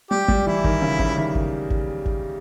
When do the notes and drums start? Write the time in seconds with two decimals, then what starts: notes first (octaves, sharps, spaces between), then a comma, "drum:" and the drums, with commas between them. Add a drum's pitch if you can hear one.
0.11 G3 G4
0.28 G3, drum: kick G#1
0.46 E3 E4
0.64 D#3, drum: kick G#1
0.82 C#3
0.99 C#3, drum: kick G#1
1.17 D#3
1.35 drum: kick G#1
1.70 drum: kick G#1
2.06 drum: kick G#1